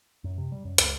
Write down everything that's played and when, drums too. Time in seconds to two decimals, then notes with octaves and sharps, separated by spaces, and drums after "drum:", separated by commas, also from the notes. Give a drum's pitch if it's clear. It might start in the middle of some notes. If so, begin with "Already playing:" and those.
0.24 F#2
0.38 C3
0.52 G3
0.65 F#2
0.78 C#2, drum: hi-hat